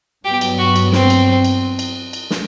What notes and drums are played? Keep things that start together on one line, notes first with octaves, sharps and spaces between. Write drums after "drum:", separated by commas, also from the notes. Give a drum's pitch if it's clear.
G2 F#3 B3 G4
drum: cymbal
F#4
drum: cymbal
C4, drum: snare
drum: cymbal
drum: cymbal
drum: cymbal
drum: cymbal
drum: snare